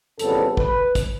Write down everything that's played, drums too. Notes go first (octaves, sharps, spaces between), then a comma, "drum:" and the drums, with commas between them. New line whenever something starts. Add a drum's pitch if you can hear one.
F2 C#3 E3 G3 B3 A4, drum: hi-hat
B4, drum: kick
drum: kick, hi-hat